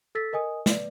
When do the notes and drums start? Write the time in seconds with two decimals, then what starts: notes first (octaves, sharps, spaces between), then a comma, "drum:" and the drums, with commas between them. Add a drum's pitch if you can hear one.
0.15 A4 E6 A6 B6
0.33 A#4 D#5 G#5 D#6
0.66 B4 D5, drum: snare